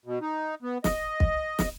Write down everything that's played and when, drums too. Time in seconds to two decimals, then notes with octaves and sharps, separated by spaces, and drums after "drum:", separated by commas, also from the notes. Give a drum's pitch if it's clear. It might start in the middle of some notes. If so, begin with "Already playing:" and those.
0.06 B2
0.22 D#4
0.63 B3
0.84 D#5, drum: snare
1.20 drum: kick
1.59 drum: snare